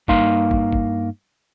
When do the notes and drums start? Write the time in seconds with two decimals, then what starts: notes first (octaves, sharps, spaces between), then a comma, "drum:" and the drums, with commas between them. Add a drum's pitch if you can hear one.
0.08 G2 A#3 D#4 F5 C6, drum: kick
0.51 drum: kick
0.73 drum: kick